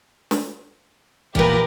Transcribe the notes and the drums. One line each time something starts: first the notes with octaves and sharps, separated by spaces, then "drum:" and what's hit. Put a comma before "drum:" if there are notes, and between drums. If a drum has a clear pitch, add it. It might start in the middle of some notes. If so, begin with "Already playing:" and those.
drum: snare
E2 A#2 G4 A#4 B4, drum: kick